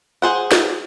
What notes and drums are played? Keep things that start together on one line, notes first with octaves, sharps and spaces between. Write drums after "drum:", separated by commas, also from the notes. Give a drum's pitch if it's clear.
G#4 C5 F#5
drum: snare